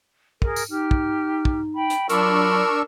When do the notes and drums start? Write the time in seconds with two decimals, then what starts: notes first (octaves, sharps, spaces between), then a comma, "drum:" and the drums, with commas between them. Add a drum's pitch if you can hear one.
0.42 G#4 A#4, drum: kick
0.56 drum: tambourine
0.70 D#4 G4 F6
0.91 drum: kick
1.45 drum: kick
1.74 G5 B5
1.90 drum: hi-hat
2.09 F#3 D4 F4 A#4 B5 C#6 E6, drum: hi-hat